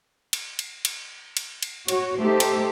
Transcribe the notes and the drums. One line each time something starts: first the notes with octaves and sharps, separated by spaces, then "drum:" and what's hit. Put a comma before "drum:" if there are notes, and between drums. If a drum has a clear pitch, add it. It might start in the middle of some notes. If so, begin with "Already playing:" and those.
drum: cymbal
drum: cymbal
drum: cymbal
drum: cymbal
drum: cymbal
F#4 C#5, drum: cymbal
A3 D#4 G4 A4 C5
drum: cymbal